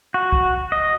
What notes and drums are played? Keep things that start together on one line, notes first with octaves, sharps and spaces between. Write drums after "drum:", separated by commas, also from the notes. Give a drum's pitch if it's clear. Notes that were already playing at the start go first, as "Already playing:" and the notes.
F#4
drum: kick
D#5